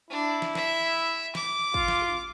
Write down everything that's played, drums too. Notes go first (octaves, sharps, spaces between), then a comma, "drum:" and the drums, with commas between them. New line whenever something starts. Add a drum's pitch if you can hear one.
D4 E4
drum: snare
E5, drum: snare
D6, drum: snare
F4, drum: kick
drum: snare
drum: tom